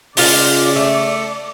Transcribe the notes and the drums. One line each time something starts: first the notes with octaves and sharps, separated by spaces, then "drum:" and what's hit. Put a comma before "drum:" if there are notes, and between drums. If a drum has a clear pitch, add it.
C#3 G#3 F4 D5 F5, drum: open hi-hat
A3